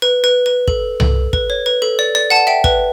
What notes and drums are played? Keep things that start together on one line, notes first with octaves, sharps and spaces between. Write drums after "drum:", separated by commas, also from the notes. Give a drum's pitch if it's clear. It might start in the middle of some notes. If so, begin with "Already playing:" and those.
B4
B4
B4
A4, drum: kick
A4, drum: tom C2
B4, drum: kick
C#5
B4
A4
D5
D5
F#5 A5
E5 G5
B4, drum: kick